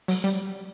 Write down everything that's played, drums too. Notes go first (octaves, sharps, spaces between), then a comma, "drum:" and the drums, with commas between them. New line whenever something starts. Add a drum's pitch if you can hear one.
F#3, drum: open hi-hat
G3